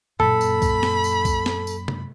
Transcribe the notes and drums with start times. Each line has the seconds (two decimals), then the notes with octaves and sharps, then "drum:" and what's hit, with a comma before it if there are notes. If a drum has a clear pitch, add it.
0.20 F#2 A#2 A4 B5, drum: tom G2
0.41 drum: tambourine
0.62 drum: kick B1, tambourine
0.83 drum: snare
1.04 drum: tambourine
1.25 drum: kick B1, tambourine
1.46 drum: snare
1.67 drum: tambourine
1.88 drum: tom C3